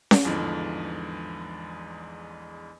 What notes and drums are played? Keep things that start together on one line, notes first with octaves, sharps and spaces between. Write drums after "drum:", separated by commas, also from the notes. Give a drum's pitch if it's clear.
drum: snare C#4
A1 E2 G#2 D3 E3 F3